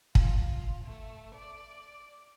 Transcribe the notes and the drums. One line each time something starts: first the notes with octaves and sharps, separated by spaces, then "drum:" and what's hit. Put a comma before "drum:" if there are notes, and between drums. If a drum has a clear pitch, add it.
F4, drum: kick
A3
D5